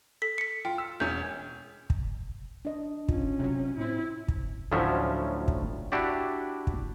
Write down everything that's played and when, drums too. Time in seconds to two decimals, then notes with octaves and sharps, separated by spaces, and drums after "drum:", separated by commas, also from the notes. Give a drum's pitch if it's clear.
0.22 A4 B6
0.38 B6 C#7
0.65 F4 G5
0.78 E6
1.00 E1 C#4 G6
1.90 drum: kick
2.65 D4 D#5
3.08 C#4 F4, drum: kick
3.39 C3 F#3
3.78 A2 C4 E4
4.28 drum: kick
4.72 D2 A2 F3 F#3 C#4 E5
5.48 drum: kick
5.92 D4 E4 F#4 G4 D5
6.67 drum: kick